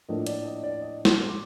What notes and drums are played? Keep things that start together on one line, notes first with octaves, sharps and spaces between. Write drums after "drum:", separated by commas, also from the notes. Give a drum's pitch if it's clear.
A2 F3 A#3 D4 D#5
D5, drum: hi-hat
D#5
D5
D#5
C6, drum: snare
D6